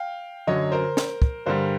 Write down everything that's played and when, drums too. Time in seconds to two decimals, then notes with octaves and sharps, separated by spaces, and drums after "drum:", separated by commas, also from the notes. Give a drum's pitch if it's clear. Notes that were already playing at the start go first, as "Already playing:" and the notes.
Already playing: F5 G5
0.47 F#2 D3 F#3 C#5 D#5
0.72 A#4 C5
0.97 drum: snare
1.22 drum: kick
1.46 G2 D3 G3 A#4 C5